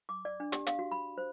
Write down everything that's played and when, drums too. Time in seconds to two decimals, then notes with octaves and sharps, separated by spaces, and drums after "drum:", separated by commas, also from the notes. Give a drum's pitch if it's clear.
0.09 D6
0.25 D5
0.40 D4
0.52 G4, drum: hi-hat
0.67 F5, drum: hi-hat
0.79 F#4
0.92 B5
1.18 C5